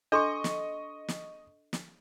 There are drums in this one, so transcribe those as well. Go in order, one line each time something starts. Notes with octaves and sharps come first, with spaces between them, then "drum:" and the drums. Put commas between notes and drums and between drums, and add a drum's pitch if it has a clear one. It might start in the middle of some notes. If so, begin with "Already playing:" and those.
D4 A4 D#5 C6 C#6
drum: snare
drum: snare
drum: snare